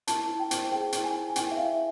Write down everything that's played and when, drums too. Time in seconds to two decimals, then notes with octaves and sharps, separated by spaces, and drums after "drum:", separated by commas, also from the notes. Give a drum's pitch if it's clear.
0.07 E4 A5, drum: hi-hat
0.29 E4
0.40 G5
0.51 C5, drum: hi-hat
0.72 G#4 G5
0.92 E4, drum: hi-hat
1.04 G#5
1.14 E4
1.30 G#5
1.36 E4 G5, drum: hi-hat
1.51 E5
1.57 E4 F5